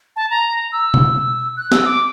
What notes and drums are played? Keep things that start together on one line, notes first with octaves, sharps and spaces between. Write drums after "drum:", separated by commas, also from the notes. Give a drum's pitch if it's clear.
A5
A#5
E6
drum: tom B2
F#6
E6, drum: snare
D6